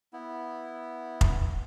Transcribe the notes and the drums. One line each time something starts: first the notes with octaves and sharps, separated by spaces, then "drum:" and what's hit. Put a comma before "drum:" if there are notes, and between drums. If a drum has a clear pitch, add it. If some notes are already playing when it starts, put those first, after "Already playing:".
B3 E4
drum: kick F1